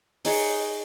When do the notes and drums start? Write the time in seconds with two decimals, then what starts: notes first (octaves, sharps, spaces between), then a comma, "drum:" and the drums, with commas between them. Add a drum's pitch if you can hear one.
0.25 D#4 G#4 C#5, drum: open hi-hat